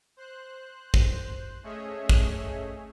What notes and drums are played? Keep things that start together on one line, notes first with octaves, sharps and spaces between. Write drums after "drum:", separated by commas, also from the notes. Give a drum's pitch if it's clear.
C5 F#6
drum: kick
A3 C#4 G#4 C#5 D#5 E5
drum: kick